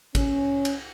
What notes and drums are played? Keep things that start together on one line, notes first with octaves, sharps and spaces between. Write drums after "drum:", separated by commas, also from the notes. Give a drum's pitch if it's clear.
C#4, drum: kick G#1, cymbal
drum: cymbal